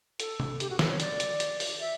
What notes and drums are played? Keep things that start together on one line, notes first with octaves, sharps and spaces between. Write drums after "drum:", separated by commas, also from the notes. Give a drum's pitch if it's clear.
A4, drum: hi-hat
drum: tom C3
G4, drum: hi-hat
F#4
A4, drum: snare
C#5
D5, drum: hi-hat
drum: hi-hat
drum: hi-hat
drum: open hi-hat
E5